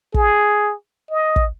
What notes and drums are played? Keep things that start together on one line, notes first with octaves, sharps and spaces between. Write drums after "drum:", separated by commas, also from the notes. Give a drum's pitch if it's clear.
G#4, drum: kick
D#5
drum: kick